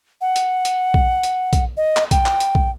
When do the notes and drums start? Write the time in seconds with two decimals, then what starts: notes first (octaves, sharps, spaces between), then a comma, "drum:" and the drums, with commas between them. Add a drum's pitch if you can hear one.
0.21 F#5
0.36 drum: hi-hat
0.65 drum: hi-hat
0.94 drum: kick
1.23 drum: hi-hat
1.53 drum: kick, hi-hat
1.77 D#5
1.97 drum: clap
2.11 G5, drum: kick, hi-hat
2.26 drum: clap
2.40 drum: hi-hat
2.55 drum: kick